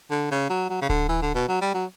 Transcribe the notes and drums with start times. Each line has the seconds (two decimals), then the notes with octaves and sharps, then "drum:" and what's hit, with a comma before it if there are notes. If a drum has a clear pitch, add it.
0.11 D3
0.31 C#3
0.50 F#3
0.70 F#3
0.82 C#3
0.89 D3, drum: kick D1
1.09 E3
1.22 D3
1.35 B2
1.48 F#3
1.61 G3
1.74 F#3